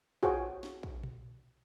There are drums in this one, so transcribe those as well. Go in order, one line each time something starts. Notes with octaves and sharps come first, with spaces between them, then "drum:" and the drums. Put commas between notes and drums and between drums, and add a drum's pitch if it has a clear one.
F4 F#4 G#4 C5 C#5 G5, drum: kick
drum: snare
drum: kick
drum: tom A#2